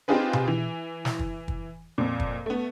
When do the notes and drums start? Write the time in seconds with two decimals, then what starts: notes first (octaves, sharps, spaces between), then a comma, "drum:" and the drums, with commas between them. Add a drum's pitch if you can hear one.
0.08 C4 D#4 F4 G4 G#4 B4
0.33 drum: tom B2
0.48 E3
1.05 drum: snare
1.19 drum: kick
1.48 drum: kick
1.98 F2 A#2
2.20 drum: kick
2.46 A3 B3